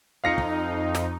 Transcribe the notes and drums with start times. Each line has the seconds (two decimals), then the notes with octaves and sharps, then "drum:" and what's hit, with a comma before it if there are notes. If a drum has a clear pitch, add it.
0.24 F2 D#4 F5 A#6 C#7
0.38 drum: kick
0.95 drum: snare